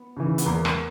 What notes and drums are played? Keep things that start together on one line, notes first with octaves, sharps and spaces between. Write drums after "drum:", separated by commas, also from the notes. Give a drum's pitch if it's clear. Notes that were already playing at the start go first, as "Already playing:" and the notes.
Already playing: B3
C#3 E3
B3, drum: hi-hat
E2 A#3
drum: rim click